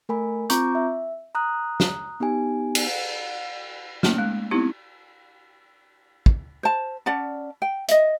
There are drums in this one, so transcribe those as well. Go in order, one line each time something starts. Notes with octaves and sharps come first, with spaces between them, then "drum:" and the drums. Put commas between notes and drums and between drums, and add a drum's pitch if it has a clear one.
A3 A#4 G#5 B5
C4 F4 A#5 C#6 D6 G6, drum: hi-hat
E5
A#5 D#6 F#6
drum: snare
B3 D#4 G4 G#5
drum: cymbal
A3 A#3 C#4 D#4, drum: snare
G#3
B3 C4 D#4 E4 G4
drum: kick
C5 A5
C#4 D5 F#5 A5
G5
D#5 E5, drum: hi-hat